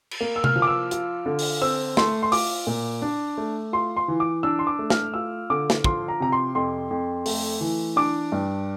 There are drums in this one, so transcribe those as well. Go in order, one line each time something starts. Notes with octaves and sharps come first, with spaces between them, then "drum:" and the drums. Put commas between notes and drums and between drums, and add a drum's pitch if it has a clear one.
drum: cymbal
A#3
E6
F6, drum: tom C3
F3
D6
E6
F4, drum: hi-hat
D3
drum: open hi-hat
C4 E6
A3 C6, drum: snare
C6
F4 D6, drum: open hi-hat
A#2
D4
A3
F4 C6
C6
E3
D6
D4 E6
C6
D6
A3
F6, drum: snare
F4 E6
D3 D6
drum: snare
F3 C6, drum: kick
A#5
C3 A#5
C6
F2 C6
F2
A3, drum: open hi-hat
E3
D4 D6
G2